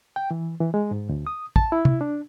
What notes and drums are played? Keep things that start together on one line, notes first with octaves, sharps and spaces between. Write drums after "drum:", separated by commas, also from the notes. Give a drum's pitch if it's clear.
G5
E3
E3
G#3
G#2
D2
D#6
A5, drum: kick
E4
drum: tom
D4